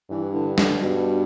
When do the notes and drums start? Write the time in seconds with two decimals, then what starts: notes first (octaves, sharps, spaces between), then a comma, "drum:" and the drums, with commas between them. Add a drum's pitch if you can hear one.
0.10 G2 E3
0.34 D3
0.58 D3, drum: snare
0.82 G2 B2